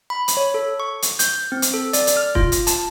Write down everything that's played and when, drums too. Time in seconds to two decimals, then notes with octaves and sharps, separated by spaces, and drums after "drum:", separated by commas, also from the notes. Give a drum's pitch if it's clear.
0.10 B5
0.28 drum: hi-hat
0.37 C#5
0.54 A4
0.80 C#6
1.02 drum: hi-hat
1.19 G6, drum: hi-hat
1.52 C4
1.62 drum: hi-hat
1.74 A4
1.93 D5, drum: hi-hat
2.07 drum: hi-hat
2.17 F6
2.35 F4, drum: kick
2.52 drum: hi-hat
2.67 A5, drum: hi-hat